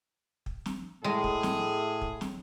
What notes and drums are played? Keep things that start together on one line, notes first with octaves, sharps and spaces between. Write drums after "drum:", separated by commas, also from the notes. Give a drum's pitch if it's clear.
drum: kick
drum: snare
A2 G#3 G#4
drum: kick
drum: snare
drum: kick
drum: snare